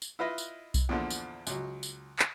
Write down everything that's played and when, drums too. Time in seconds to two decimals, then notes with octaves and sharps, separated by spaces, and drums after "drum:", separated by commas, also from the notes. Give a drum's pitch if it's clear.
0.02 drum: tambourine
0.19 E4 F4 B4 D#5
0.38 drum: tambourine
0.74 drum: kick B1, tambourine
0.89 E2 A#2 D3 F3
1.10 drum: tambourine
1.47 C#2 F#3, drum: tambourine
1.83 drum: tambourine
2.19 drum: clap